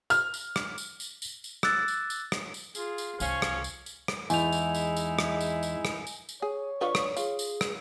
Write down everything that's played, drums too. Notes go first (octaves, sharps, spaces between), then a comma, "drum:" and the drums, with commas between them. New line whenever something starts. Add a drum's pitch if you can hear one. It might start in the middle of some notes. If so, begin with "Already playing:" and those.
F6, drum: tambourine
drum: tambourine
drum: rim click
drum: tambourine
drum: tambourine
drum: tambourine
drum: tambourine
D6 E6 F#6 A6, drum: rim click
drum: tambourine
drum: tambourine
drum: rim click
drum: tambourine
F4 G#4, drum: tambourine
drum: tambourine
C2 F3 C#4 F5 G#5 C#6, drum: tambourine
drum: rim click
drum: tambourine
drum: tambourine
drum: rim click
E2 G#3 D#4 E4 G#5 F7, drum: tambourine
drum: tambourine
drum: tambourine
drum: tambourine
drum: rim click
drum: tambourine
drum: tambourine
drum: rim click
drum: tambourine
drum: tambourine
G#4 C#5
D3 F4 B4 C#6
drum: rim click
F4 G#4, drum: tambourine
drum: tambourine
drum: rim click